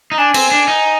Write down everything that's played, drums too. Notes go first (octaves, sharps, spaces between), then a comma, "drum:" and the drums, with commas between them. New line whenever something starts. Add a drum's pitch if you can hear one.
D#4
D4 G#5
C4, drum: cymbal
D4
D#4